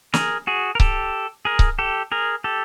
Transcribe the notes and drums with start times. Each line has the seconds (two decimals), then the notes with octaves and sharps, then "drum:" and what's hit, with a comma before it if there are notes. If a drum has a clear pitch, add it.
0.14 G#4 A#4, drum: snare
0.47 F#4 G#4
0.75 A#4
0.80 G4 A4, drum: kick C#1
1.45 G#4 A#4
1.59 drum: kick C#1
1.79 G4 A4
2.12 G#4 A#4
2.44 G4 A4